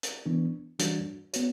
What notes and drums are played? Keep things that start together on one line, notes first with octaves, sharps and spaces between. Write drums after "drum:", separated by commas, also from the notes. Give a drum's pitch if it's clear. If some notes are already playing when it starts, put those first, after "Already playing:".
drum: hi-hat
E3 B3 D4
E3 G3 D4 F#4, drum: hi-hat
B3 F#4 C#5, drum: hi-hat